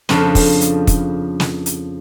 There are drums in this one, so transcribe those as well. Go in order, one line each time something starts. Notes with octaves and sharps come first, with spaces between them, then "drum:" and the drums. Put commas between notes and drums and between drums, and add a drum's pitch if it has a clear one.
F2 C#3 F3 D4 A4, drum: snare
drum: kick, open hi-hat
drum: hi-hat
drum: kick, hi-hat
drum: snare
drum: hi-hat